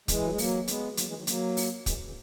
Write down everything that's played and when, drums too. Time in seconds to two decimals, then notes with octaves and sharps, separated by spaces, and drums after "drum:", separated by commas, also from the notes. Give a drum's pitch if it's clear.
0.08 E3 G#3, drum: kick, hi-hat
0.22 F#3
0.30 G#3
0.38 F#3 A#3, drum: open hi-hat
0.68 G#3 B3, drum: hi-hat
0.97 F#3 A#3, drum: hi-hat
1.07 E3 G#3
1.17 D#3 F#3
1.27 F#3 A#3, drum: hi-hat
1.57 drum: open hi-hat
1.86 E3 G#3, drum: kick, hi-hat
2.06 C#3 E3